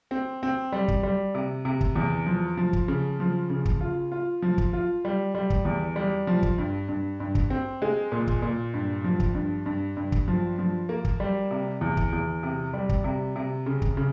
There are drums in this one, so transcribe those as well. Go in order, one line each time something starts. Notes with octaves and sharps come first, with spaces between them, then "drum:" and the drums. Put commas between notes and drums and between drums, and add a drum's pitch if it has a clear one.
C4
C4
G3
drum: kick
G3
C3
C3
drum: kick
E2
F3
F3
drum: kick
C#3
F3
C#3
drum: kick
F4
F4
F3
drum: kick
F4
G3
G3
drum: kick
E2
G3
F3
drum: kick
G2
G2
G2
drum: kick
C4
G#3
A#2
drum: kick
A#2
G2
F3
drum: kick
G2
G2
G2
drum: kick
F3
F3
A#3
drum: kick
G3
C3
E2
drum: kick
E2
C3
G3
drum: kick
C3
C3
C#3
drum: kick
C#3